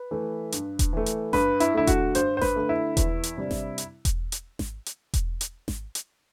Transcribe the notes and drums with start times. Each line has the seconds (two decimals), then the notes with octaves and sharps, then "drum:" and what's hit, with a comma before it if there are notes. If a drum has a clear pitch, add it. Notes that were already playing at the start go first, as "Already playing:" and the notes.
Already playing: B4
0.11 E3 A3
0.52 G2, drum: hi-hat
0.79 drum: kick E1, hi-hat
0.93 E3 A3
1.06 drum: hi-hat
1.33 G2 B4, drum: snare G#1
1.60 E4, drum: hi-hat
1.74 D3 A3 E4
1.87 F#4, drum: kick E1, hi-hat
2.15 G2 C5, drum: hi-hat
2.37 C5
2.41 B4, drum: snare G#1
2.56 D3 A3
2.69 E4
2.97 E2, drum: kick E1, hi-hat
3.23 drum: hi-hat
3.37 C3 G3 D4
3.51 drum: snare G#1
3.78 drum: hi-hat
4.05 drum: kick E1, hi-hat
4.32 drum: hi-hat
4.59 drum: snare G#1
4.86 drum: hi-hat
5.13 drum: kick E1, hi-hat
5.41 drum: hi-hat
5.68 drum: snare G#1
5.95 drum: hi-hat